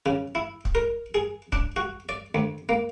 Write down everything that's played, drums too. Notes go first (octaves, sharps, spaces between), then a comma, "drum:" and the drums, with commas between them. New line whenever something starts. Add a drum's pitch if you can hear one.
C#3
E4
drum: kick
A#4
G#4
D4, drum: kick
F#4
D5
D2
A#3